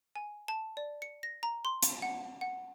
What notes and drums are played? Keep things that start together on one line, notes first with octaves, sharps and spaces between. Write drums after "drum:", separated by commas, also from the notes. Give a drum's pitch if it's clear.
G#5
A5
D5
C#7
A#6
A#5
C6
drum: hi-hat
F#5
F#5